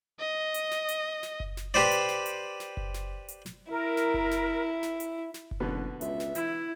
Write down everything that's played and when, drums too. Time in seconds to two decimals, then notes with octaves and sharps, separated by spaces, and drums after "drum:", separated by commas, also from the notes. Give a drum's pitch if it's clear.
0.20 D#5
0.54 drum: hi-hat
0.71 drum: snare
0.89 drum: hi-hat
1.23 drum: snare
1.40 drum: kick F#1
1.57 drum: snare
1.74 G4 B4 C5 D5
1.91 drum: hi-hat
2.08 drum: snare
2.26 drum: hi-hat
2.60 drum: snare
2.77 drum: kick F#1
2.94 drum: snare
3.28 drum: hi-hat
3.46 drum: snare
3.71 E4 A#4
3.97 drum: snare
4.14 drum: kick F#1
4.31 drum: snare
4.83 drum: snare
5.00 drum: hi-hat
5.34 drum: snare
5.51 drum: kick F#1
5.60 F#1 B2 D3 B3
6.01 C#2 E5, drum: hi-hat
6.20 drum: snare
6.35 E3 E4, drum: hi-hat